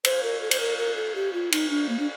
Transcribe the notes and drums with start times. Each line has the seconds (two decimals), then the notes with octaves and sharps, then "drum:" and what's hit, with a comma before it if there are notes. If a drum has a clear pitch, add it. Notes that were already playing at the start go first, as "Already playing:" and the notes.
0.05 C5, drum: cymbal
0.23 A#4
0.41 A4
0.51 C5, drum: cymbal
0.60 A#4
0.78 A#4
0.96 A4
1.15 G4
1.33 F4
1.52 D#4, drum: cymbal
1.70 D4
1.89 A#3
1.99 D4